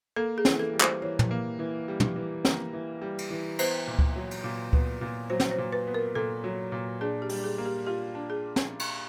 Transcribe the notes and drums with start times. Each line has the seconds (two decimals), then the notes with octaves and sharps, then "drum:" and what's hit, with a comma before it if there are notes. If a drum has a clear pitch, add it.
0.16 A#3 A4
0.38 G#4
0.45 E3, drum: snare
0.59 A4
0.73 G3
0.80 C5, drum: clap
1.02 E3 C#5
1.19 drum: tom
1.31 A#3
1.59 E3
1.88 G3
2.00 drum: tom
2.16 E3
2.45 A#3, drum: snare
2.73 E3
3.02 G3
3.18 drum: cymbal
3.31 E3
3.59 B3 C5, drum: cymbal
3.87 A#2
3.99 drum: kick C#2
4.16 F#3
4.31 drum: cymbal
4.44 A#2
4.73 B3, drum: kick C#2
5.01 A#2
5.30 F#3 C5
5.40 drum: snare
5.51 C5
5.58 A#2
5.73 B4
5.87 B3
5.94 A#4
6.15 A#2 A4
6.44 F#3
6.72 A#2
7.01 D4 G#4
7.22 G4
7.29 G3, drum: open hi-hat
7.44 G#4
7.58 A#3
7.66 G4
7.87 F4 G4
8.15 D4
8.30 G#4
8.56 drum: snare
8.79 drum: cymbal